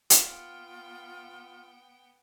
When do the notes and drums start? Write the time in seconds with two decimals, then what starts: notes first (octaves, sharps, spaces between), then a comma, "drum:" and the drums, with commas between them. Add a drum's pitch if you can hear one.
0.10 B3 F4 G5, drum: hi-hat